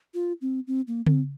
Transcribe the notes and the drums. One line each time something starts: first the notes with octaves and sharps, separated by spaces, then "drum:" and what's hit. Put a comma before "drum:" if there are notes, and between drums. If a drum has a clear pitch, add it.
F4
C4
C4
A#3
C4, drum: tom C#3